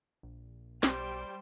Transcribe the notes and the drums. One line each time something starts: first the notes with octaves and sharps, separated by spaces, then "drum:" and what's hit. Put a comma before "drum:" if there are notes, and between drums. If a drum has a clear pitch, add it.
A#1
B1 G3 C5 G5, drum: snare